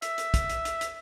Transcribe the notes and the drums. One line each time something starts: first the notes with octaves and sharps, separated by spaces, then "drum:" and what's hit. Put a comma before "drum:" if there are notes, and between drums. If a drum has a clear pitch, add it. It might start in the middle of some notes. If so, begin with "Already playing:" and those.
E5, drum: hi-hat
drum: hi-hat
drum: kick, hi-hat
drum: hi-hat
drum: hi-hat
drum: hi-hat